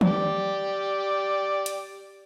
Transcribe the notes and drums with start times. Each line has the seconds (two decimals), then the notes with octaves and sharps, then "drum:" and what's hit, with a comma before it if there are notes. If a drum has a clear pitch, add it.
0.01 G4 D5, drum: tom
1.66 drum: hi-hat